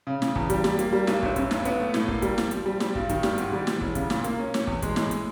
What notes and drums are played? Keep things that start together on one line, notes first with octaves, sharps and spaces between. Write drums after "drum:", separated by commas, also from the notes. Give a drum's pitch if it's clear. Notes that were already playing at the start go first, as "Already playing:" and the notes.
C#3
C#3, drum: snare
E2, drum: kick
G3, drum: kick, hi-hat
G3, drum: snare
A#3, drum: hi-hat
G3
B1, drum: snare
G1, drum: kick
F#2, drum: kick, hi-hat
B1, drum: snare
B3, drum: hi-hat
A3
A2, drum: snare
A#3, drum: kick
G3, drum: kick, hi-hat
F3, drum: snare
F3, drum: hi-hat
G3
G3, drum: snare
G2, drum: kick
D#3, drum: kick, hi-hat
G3, drum: snare
G#2, drum: hi-hat
G3
E3, drum: snare
E1, drum: kick
C#3, drum: kick, hi-hat
A#2, drum: snare
A#3, drum: hi-hat
C#4
C#4, drum: snare
E2, drum: kick
G#3, drum: kick, hi-hat
A2, drum: snare
drum: hi-hat